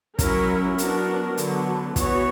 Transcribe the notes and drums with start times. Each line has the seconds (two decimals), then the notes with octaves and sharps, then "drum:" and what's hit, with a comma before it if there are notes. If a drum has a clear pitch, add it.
0.19 F#3 C#4 E4 A#4, drum: kick, hi-hat
0.78 F#3 B3 D4 F#4 A#4, drum: hi-hat
1.37 D3 F#3 B3, drum: hi-hat
1.96 E3 B3 F#4 C#5, drum: kick, hi-hat